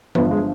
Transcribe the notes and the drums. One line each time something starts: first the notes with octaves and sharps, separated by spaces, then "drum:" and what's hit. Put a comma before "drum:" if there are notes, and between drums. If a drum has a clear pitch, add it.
G1 G2 F3 B3, drum: tom E3
G#3